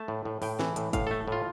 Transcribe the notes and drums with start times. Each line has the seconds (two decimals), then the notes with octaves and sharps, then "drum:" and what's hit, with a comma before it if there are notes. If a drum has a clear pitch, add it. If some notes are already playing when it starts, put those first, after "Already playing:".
Already playing: A3 A5
0.08 A2
0.25 A2
0.42 A2 G5, drum: open hi-hat
0.59 E3, drum: snare
0.76 A2, drum: hi-hat
0.93 A2 F5, drum: kick, hi-hat
1.07 A3 A4
1.28 A2 F4